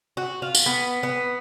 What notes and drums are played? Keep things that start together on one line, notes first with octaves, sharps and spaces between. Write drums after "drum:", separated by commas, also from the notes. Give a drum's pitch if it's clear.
F#4
F4
drum: tambourine
B3
B3